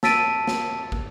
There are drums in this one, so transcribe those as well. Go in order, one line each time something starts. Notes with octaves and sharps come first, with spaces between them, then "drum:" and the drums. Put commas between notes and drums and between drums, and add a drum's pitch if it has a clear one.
A5 E6 A6 B6 D7 D#7, drum: snare
drum: snare
drum: kick